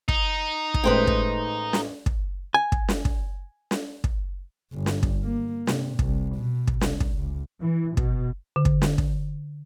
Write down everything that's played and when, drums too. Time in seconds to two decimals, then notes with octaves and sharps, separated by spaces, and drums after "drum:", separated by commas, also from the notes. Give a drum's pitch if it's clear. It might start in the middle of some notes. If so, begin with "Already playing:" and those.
0.08 D#4, drum: kick
0.74 drum: kick
0.84 A1 G#3 A3 B4 C5 G5
1.07 drum: kick
1.73 drum: snare
2.06 drum: kick
2.54 G#5
2.72 drum: kick
2.88 drum: snare
3.05 drum: kick
3.71 drum: snare
4.04 drum: kick
4.73 G1
4.86 drum: snare
5.03 drum: kick
5.23 A#3
5.67 C3, drum: snare
5.99 C2, drum: kick
6.36 B2
6.67 drum: kick
6.81 C2, drum: snare
7.00 drum: kick
7.14 C#2
7.61 E3
7.97 B2, drum: kick
8.56 D3
8.65 drum: kick
8.82 drum: snare
8.98 drum: kick